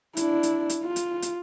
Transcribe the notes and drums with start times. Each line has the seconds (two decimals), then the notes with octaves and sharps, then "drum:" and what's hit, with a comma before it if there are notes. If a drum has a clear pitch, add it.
0.17 D4 E4, drum: hi-hat
0.43 drum: hi-hat
0.70 drum: hi-hat
0.84 F4
0.96 drum: hi-hat
1.22 drum: hi-hat